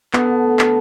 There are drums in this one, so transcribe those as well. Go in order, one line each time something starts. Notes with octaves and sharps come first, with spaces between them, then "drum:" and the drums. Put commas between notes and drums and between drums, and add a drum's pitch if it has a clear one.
D3 B3, drum: clap
D3
A3
D3, drum: clap